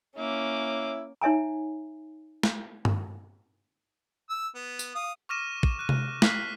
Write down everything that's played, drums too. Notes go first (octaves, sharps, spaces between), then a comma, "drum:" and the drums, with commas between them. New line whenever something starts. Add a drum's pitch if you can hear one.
A#3 C#4 E4 D6
D#4 C#5 E5 G#5 A#5
drum: snare
drum: tom G2
E6
B3
drum: tambourine
F5 D#6
C#6 D6 F6 A#6 D#7 E7
drum: kick
F#6 D#7
drum: tom C3
F6 F#6 B6 C7 F#7, drum: snare